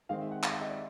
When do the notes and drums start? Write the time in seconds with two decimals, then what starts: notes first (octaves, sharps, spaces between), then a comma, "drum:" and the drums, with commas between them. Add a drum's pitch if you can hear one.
0.09 D#3 G#3 C4 F5
0.21 E5
0.31 F#5
0.43 F5, drum: clap
0.51 E5
0.60 D#5
0.69 D5